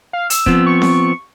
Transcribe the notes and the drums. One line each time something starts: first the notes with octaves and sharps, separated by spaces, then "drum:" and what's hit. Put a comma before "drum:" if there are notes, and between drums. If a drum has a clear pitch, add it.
F5
E6, drum: hi-hat
F3 B3 C4, drum: kick
C#6
drum: snare C4